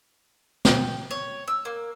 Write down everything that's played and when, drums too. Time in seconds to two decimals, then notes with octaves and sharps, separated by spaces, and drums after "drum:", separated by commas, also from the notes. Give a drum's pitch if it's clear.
0.65 G5, drum: snare
1.11 C#5
1.48 E6
1.65 A#3